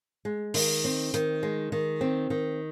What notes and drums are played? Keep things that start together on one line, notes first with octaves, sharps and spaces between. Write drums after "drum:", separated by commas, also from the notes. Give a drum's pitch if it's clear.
G#3
D#3, drum: open hi-hat
C4
D#3, drum: hi-hat
G#3
D#3
C4
D#3